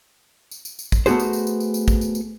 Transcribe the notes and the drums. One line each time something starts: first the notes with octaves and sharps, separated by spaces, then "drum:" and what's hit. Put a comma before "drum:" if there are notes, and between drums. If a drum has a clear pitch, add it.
drum: tambourine
drum: tambourine
drum: tambourine
drum: kick, tambourine
A3 B3 F#4 G#4 C5, drum: tambourine
drum: tambourine
drum: tambourine
drum: tambourine
drum: tambourine
drum: tambourine
drum: kick, tambourine
drum: tambourine
drum: tambourine